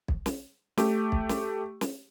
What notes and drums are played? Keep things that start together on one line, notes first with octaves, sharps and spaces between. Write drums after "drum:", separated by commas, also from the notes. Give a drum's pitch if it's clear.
drum: kick B1
drum: snare
A3 G4, drum: snare
drum: kick B1
drum: snare
drum: snare